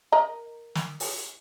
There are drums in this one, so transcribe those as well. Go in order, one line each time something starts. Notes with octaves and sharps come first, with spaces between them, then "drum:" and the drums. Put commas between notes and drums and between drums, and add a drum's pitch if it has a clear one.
A#4 D#5 A#5
drum: snare
drum: open hi-hat